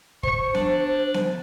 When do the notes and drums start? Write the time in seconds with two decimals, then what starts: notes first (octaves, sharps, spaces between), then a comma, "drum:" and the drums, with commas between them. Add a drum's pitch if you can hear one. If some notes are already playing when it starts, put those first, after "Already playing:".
0.23 C5 C#6, drum: kick
0.55 D4, drum: snare B3
1.14 drum: snare B3